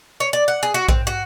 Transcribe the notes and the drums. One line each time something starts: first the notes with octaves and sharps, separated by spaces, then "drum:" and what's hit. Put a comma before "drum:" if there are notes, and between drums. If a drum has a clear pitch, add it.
C#5
D5
F#5
G#4
F#4
C4, drum: kick A#1
F#4